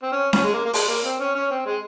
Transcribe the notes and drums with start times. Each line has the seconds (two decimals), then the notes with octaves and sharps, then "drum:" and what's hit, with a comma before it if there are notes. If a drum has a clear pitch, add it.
0.02 C4
0.12 C#4
0.33 C#4, drum: snare C#4
0.44 G#3
0.54 A#3
0.65 A#3
0.74 G#3, drum: open hi-hat
0.89 A#3
1.05 C4
1.19 C#4
1.35 C#4
1.51 C4
1.66 G#3